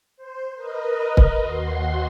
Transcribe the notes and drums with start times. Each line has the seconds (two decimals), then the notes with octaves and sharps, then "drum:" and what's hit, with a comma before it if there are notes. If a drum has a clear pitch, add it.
0.16 C5
0.54 A#4 B4 D#5
1.17 drum: kick
1.40 D#2 F#4 C6